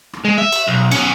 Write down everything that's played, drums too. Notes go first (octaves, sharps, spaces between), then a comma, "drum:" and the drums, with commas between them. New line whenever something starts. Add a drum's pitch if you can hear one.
drum: rim click
G#3
E5
drum: cymbal
B1
B3 C#4, drum: cymbal